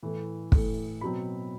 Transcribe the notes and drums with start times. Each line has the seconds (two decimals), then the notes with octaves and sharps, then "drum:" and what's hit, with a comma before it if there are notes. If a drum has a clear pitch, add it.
0.03 A2 E3 A3
0.52 A2 E3 A3, drum: kick
1.01 B2 F#3 C4 B5